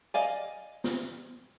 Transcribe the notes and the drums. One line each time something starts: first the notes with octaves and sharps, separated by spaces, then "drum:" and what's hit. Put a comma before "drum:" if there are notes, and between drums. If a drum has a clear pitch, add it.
D5 D#5 F5 G#5
drum: snare